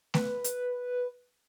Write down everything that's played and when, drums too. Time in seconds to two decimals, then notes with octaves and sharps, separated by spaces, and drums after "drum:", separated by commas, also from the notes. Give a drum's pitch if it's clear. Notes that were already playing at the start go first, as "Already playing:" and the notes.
0.14 B4, drum: snare A3
0.44 drum: hi-hat